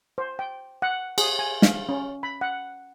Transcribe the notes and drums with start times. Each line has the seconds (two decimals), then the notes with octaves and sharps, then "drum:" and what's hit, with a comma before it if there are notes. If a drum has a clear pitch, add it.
0.18 C5
0.39 G5
0.82 F#5
1.18 G#4, drum: cymbal
1.39 G#5
1.62 F5, drum: snare
1.89 C#4
2.23 B5
2.41 F#5